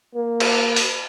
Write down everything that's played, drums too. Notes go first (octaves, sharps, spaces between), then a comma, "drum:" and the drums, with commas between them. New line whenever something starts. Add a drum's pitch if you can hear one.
A#3
drum: cymbal
drum: open hi-hat